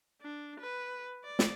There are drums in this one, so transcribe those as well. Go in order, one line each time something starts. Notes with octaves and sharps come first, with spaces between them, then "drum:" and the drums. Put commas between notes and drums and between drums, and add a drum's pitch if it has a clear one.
D4
B4
D5
drum: snare